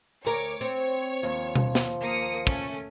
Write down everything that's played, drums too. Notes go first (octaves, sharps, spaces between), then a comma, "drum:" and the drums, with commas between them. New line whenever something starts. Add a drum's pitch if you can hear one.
D2 A#4 C#5 D6
C4 C#5
D#2 F3
drum: tom B2
drum: snare
A#3 D#6 C#7
A3 C#4, drum: kick